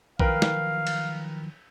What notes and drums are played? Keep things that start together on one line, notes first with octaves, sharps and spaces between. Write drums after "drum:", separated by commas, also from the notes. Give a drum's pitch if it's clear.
D#3 F3 F#3 A#4 B4 F5 G5, drum: kick A#1
drum: snare
drum: cymbal